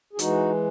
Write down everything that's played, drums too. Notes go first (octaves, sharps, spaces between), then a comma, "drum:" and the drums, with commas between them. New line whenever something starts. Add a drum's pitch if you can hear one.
G#4
E3 G#3 D#4 F#4, drum: hi-hat